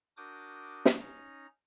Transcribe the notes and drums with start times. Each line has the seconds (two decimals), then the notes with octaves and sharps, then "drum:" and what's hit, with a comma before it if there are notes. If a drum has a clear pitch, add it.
0.17 D4 F#4 A#4 D6 D#6 G6
0.85 drum: snare
1.00 C#4 D#4 A#5